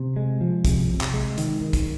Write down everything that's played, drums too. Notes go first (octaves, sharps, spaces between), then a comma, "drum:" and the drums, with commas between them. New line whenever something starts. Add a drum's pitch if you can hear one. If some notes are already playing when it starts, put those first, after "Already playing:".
Already playing: C3
G#3
F3
C3, drum: kick, hi-hat
C3
drum: clap
G#3
D#3, drum: hi-hat
D#3
drum: kick, hi-hat